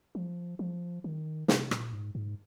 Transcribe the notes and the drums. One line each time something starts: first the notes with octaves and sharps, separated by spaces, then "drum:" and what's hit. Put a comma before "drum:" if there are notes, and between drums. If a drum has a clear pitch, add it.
F3
F3
D#3
C3, drum: snare
A#2, drum: rim click
G#2
G#2